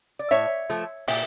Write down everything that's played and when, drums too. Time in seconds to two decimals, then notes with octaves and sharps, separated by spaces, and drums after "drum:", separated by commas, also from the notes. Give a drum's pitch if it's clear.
0.19 D5
0.31 A2 C#5 E5
0.70 F3 A3
1.08 A#2 E5 G5, drum: open hi-hat